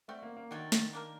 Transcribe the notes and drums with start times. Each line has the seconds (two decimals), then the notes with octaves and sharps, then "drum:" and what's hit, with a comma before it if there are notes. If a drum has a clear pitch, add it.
0.08 G3 A3 C4 F#4
0.23 A#3
0.36 A#3
0.51 D3 D#3 F#3 A3
0.72 drum: snare
0.93 A#3 D4 G4 A#4